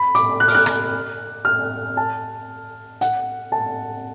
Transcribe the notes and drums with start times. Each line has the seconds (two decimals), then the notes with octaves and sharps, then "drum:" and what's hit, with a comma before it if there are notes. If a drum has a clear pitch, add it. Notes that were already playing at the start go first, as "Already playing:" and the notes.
Already playing: B5
0.15 D6, drum: hi-hat
0.40 F#6
0.48 F6, drum: open hi-hat
0.55 F#6
0.66 drum: rim click
1.45 F6
1.97 A5
3.01 F#5, drum: hi-hat
3.52 A5